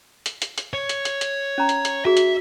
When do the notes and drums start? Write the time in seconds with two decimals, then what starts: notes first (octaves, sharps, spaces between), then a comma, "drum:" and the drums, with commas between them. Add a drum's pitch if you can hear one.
0.26 drum: hi-hat
0.42 drum: hi-hat
0.58 drum: hi-hat
0.73 C#5
0.89 drum: hi-hat
1.05 drum: hi-hat
1.21 drum: hi-hat
1.58 C#4 A#5
1.69 drum: hi-hat
1.85 drum: hi-hat
2.05 F#4 G#4 E5
2.17 drum: hi-hat